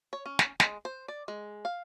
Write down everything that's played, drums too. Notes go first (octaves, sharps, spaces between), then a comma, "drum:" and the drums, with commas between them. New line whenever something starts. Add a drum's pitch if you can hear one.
C#5
C#4
drum: snare
G#3, drum: snare
C5
D5
G#3
F5